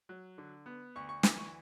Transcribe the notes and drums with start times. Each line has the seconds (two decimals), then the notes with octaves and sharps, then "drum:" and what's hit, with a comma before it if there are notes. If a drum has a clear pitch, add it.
0.09 F#3
0.38 D3
0.66 B3
0.96 D2 C#6
1.09 C#6
1.23 E3 D6, drum: snare
1.38 C#6